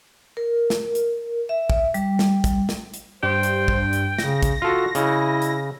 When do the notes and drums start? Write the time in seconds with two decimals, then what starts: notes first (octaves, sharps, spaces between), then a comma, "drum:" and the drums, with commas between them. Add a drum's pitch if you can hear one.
0.37 A#4
0.70 drum: snare
0.95 drum: hi-hat
1.49 E5
1.70 drum: kick
1.94 G3, drum: hi-hat
2.19 drum: snare
2.44 drum: kick, hi-hat
2.69 drum: snare
2.94 drum: hi-hat
3.23 G2 C5 G5
3.43 drum: hi-hat
3.68 drum: kick
3.93 drum: hi-hat
4.18 C#3 A#6, drum: snare
4.43 drum: kick, hi-hat
4.62 F4 F#4 A4
4.95 C#3 E4 D#5, drum: hi-hat
5.42 drum: hi-hat